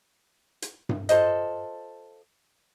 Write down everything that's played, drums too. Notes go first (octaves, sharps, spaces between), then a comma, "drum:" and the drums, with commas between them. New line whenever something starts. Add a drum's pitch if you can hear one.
drum: hi-hat
drum: tom G2
F4 A4 C5 D#5, drum: hi-hat